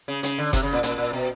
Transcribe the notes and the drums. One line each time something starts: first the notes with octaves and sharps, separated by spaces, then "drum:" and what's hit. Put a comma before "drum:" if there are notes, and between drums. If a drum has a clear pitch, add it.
C#3
C#3, drum: hi-hat
D3
C3, drum: kick F#1, hi-hat
C#3
A#2
A#2, drum: hi-hat
A#2
B2